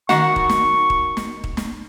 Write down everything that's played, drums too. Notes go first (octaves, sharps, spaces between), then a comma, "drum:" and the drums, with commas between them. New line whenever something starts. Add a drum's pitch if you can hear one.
D#3 F#4 F#5 C#6, drum: snare
drum: kick
drum: snare
drum: kick
drum: snare
drum: kick
drum: snare